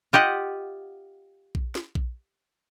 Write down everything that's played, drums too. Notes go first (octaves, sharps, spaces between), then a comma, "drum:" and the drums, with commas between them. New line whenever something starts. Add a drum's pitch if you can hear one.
F4 G4 D#5 F#5
drum: kick A#1
drum: snare
drum: kick A#1